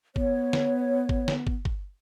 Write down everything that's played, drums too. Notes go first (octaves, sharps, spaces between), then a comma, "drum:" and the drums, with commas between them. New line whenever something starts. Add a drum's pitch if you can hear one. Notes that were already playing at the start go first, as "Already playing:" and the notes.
B3 C#5, drum: kick
drum: snare
drum: kick
drum: snare
drum: kick
drum: kick